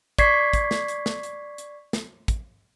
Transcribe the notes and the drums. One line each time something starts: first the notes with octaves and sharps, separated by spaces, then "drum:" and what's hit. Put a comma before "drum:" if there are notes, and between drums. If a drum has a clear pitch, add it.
D5 C#6 G#6 B6 C7, drum: kick, hi-hat
drum: kick, hi-hat
drum: snare
drum: hi-hat
drum: snare
drum: hi-hat
drum: hi-hat
drum: snare
drum: kick, hi-hat